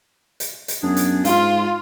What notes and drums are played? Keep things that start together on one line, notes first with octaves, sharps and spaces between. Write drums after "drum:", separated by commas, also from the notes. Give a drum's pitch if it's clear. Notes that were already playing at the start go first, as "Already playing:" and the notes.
drum: hi-hat
drum: hi-hat
F#2 B3 D4 G#4
drum: hi-hat
G#2 F4 F5, drum: hi-hat